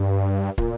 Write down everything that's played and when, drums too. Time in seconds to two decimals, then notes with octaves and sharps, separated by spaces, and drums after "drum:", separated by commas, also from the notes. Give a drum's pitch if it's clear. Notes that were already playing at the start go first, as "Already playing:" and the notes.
Already playing: G2
0.58 A#2, drum: kick